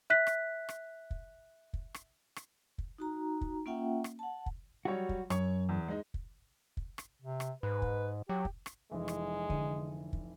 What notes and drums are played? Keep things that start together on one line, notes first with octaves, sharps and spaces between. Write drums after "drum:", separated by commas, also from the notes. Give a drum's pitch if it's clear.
E5 F#6 B6
drum: rim click
drum: rim click
drum: kick
drum: kick
drum: rim click
drum: rim click
drum: kick
D#4 F#4 A#5
drum: kick
A#3 C#4 F4 E5 F#5 G5
drum: rim click
F#5 A5
drum: kick
F#3 G3 F#4 C#5
drum: kick
F#2 C#5 C#6, drum: rim click
E2
G#3 D#4
drum: kick
drum: kick
drum: rim click
C3
drum: rim click
G#2 B4
drum: kick
F#3 G4
drum: kick
drum: rim click
F1 E3 G#3
drum: rim click
D3, drum: kick
drum: kick